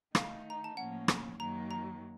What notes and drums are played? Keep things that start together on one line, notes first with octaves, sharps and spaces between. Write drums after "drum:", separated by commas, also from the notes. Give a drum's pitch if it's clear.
D#3 A3 D#4 F5, drum: rim click
A#5
A5
A2 F3 A#3 C#4 F#5
drum: rim click
F#2 D#3 F#3 A#3 A#5
A#5